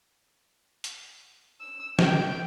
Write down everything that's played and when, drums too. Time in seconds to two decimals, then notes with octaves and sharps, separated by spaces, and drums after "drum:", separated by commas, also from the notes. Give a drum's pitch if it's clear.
0.84 drum: hi-hat
1.60 E6
1.99 G5, drum: snare